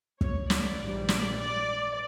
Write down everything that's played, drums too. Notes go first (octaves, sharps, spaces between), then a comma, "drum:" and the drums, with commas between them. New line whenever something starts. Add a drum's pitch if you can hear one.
C#5, drum: kick
D5, drum: snare
A#1 G#2 E3 G3
D5, drum: snare
D5